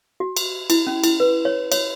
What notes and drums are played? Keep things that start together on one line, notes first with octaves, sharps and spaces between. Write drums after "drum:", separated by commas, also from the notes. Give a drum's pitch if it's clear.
F#4
drum: cymbal
E4, drum: cymbal
C#4
E4, drum: cymbal
B4
C#5
C#5, drum: cymbal